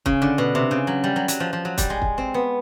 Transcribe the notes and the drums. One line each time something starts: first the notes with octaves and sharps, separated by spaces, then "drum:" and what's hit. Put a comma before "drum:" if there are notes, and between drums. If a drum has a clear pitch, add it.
C#3, drum: kick
D3
B2
C3
C#3
F#3
G3
F#3
F#3, drum: hi-hat
F3
F3
F#3
G3, drum: kick, hi-hat
G#3
drum: kick
C4
B3